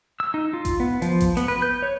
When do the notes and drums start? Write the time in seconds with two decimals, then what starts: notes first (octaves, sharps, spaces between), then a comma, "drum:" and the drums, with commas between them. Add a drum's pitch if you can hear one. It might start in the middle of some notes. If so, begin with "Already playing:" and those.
0.20 E6
0.34 D#4
0.53 F4
0.65 drum: kick A1, hi-hat
0.80 B3
1.02 F3, drum: hi-hat
1.20 drum: kick A1, hi-hat
1.37 B3, drum: hi-hat
1.48 B4
1.62 G6
1.82 C#5